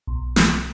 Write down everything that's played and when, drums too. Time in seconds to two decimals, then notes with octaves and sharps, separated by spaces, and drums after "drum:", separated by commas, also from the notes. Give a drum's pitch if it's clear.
0.07 B1
0.36 drum: snare